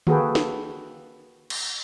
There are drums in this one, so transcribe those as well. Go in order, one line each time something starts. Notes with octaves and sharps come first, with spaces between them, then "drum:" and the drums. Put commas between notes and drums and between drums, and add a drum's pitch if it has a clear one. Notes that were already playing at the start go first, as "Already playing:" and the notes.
A#3 F#4 G#4 A4 B4 G5, drum: tom D3
drum: snare
drum: cymbal